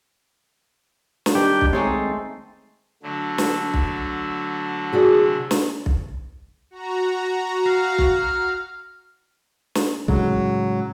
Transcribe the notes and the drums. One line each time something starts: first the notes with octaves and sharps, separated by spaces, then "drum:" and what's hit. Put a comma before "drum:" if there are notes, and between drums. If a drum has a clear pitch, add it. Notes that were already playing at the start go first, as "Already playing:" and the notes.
drum: snare
D#3 G3 D4 G4
drum: kick B1
G#3 A3 C4 D#4 C#5
D3 F#3 A3
drum: snare
drum: kick B1
C3 F#4 G#4 D5
drum: snare
drum: kick B1
F#4 A#5
F5
drum: kick B1
drum: snare
A2 C#3 F#3 G#3, drum: kick B1